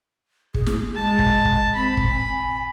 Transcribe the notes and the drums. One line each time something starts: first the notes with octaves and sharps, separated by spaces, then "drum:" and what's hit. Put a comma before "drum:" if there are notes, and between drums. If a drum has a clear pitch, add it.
G#4, drum: kick
drum: snare
G#3 A5
drum: kick
drum: kick
C4 B5
drum: kick
G#5